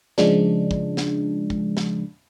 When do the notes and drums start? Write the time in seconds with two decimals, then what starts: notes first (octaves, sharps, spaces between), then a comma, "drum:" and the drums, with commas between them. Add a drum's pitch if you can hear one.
0.18 C#3 F3 G#3 D4, drum: snare
0.71 drum: kick
0.97 drum: snare
1.50 drum: kick
1.77 drum: snare